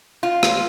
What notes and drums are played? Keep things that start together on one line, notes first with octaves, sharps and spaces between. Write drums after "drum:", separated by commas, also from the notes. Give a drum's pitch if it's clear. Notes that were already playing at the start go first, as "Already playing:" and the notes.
F4
drum: rim click